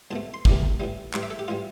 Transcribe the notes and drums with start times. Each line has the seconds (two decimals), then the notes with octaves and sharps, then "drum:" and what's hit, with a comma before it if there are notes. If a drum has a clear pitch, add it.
0.11 C2 B2 A3 A5
0.34 C6
0.45 A2 E3 G3 D6, drum: kick
0.80 A2 E3 G3
1.13 A2 E3 G3 C6, drum: clap
1.23 E5
1.30 A4
1.39 G4
1.48 A2 E3 G3 F4